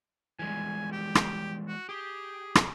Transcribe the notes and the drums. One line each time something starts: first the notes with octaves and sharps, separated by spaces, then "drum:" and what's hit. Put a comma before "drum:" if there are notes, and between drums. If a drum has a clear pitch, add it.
E3 G3 G#3 G#5
G4
drum: rim click
F#4
G4 G#4
drum: rim click